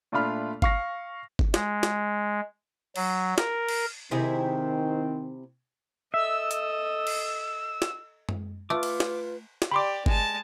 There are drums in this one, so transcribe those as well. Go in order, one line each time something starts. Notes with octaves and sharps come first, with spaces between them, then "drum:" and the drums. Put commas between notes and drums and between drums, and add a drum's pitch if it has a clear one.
A#2 A3 D4 F4 B5 F6
F5 C#6 A#6, drum: kick G1
drum: kick G1
G#3, drum: snare
drum: snare
F#3, drum: cymbal
A#4, drum: snare
drum: cymbal
C3 D#3 C4 E4 G#4
A4 D#5 E5 E6
drum: hi-hat
drum: cymbal
drum: snare
drum: tom F#2
A3 F4 B4 D6
drum: cymbal
drum: snare
drum: snare
G4 D5 B5 C6 D6
G#3 A5, drum: kick G1